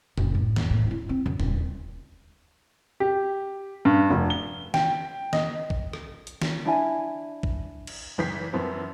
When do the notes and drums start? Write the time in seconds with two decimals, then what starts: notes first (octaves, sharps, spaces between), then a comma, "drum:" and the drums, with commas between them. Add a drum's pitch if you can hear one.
0.18 F#1, drum: tom A#2
0.35 A2
0.56 E2, drum: snare
0.70 A2
0.91 E4
1.09 C4
1.26 F#2
1.40 D#1, drum: tom
3.00 G4
3.85 G2
4.10 F1
4.30 G7
4.74 G5, drum: snare
5.33 D#5, drum: snare
5.70 drum: kick
5.93 drum: rim click
6.27 drum: hi-hat
6.42 drum: snare
6.65 D4 E4 G#5
7.43 drum: kick
7.87 drum: cymbal
8.18 F#1 E3 G6 B6 C7
8.53 F#2 E3 F3 B3 C4